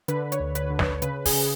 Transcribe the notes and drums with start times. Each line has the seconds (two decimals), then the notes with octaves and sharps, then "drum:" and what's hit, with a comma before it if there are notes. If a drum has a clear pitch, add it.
0.08 D3 B4, drum: hi-hat
0.32 C#5, drum: hi-hat
0.40 D2
0.55 B4, drum: hi-hat
0.70 D3
0.79 C#5, drum: snare
1.02 C#3 B4, drum: hi-hat
1.25 G#4, drum: kick, open hi-hat
1.33 C#3